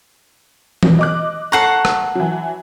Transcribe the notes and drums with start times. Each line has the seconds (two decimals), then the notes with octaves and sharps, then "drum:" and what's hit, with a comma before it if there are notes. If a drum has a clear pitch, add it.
0.83 B2, drum: tom E3
0.99 D#5 D6 F#6
1.52 A4 F#5 A#5 C#6 F#6 C7
1.85 drum: rim click
2.15 E3 F#3